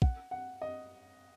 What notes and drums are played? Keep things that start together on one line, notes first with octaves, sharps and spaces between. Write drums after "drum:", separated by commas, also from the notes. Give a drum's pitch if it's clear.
F#5, drum: kick
F#5
D#5